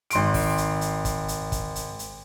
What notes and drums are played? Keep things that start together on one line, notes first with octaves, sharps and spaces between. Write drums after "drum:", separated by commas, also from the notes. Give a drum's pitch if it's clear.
G#1 C6 D7, drum: hi-hat
drum: kick, open hi-hat
drum: hi-hat
drum: hi-hat
drum: kick, hi-hat
drum: hi-hat
drum: kick, hi-hat
drum: hi-hat
drum: hi-hat